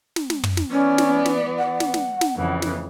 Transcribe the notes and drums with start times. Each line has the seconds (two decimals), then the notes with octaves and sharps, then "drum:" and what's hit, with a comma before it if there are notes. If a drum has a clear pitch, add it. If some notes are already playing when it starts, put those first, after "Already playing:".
0.16 drum: snare
0.30 drum: snare
0.44 drum: tom
0.57 drum: snare
0.71 E3 B3 C#4 D5
0.98 drum: snare
1.26 drum: snare
1.58 F#5
1.80 drum: snare
1.94 drum: snare
2.21 drum: snare
2.37 F2 C#3 E3
2.62 drum: snare